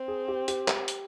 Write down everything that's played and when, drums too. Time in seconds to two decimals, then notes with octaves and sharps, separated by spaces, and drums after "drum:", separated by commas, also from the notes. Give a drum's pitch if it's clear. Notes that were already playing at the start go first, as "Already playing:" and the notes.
Already playing: C4
0.08 G#4
0.28 G4
0.48 G4, drum: hi-hat
0.68 drum: clap
0.88 drum: hi-hat